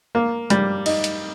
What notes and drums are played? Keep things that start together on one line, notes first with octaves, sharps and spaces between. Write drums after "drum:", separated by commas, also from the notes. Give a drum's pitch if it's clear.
A#3
G3, drum: hi-hat
D#4, drum: cymbal
drum: hi-hat